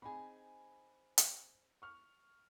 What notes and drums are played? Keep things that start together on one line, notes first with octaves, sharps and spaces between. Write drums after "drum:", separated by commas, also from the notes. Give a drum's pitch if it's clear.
C4 D#4 G#4 G#5 B5
drum: hi-hat
C#6 F6